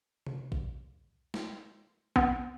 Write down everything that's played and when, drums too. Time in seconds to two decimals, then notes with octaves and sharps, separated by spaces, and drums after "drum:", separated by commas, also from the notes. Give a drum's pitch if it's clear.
0.27 drum: tom C3
0.52 drum: kick
1.34 drum: snare
2.16 B3, drum: kick